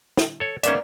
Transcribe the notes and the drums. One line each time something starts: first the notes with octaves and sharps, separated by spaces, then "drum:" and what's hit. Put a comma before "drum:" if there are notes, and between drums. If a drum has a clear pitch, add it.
drum: snare
A4 C#5
G#2 A#3 B3 C#4 D5 E5, drum: hi-hat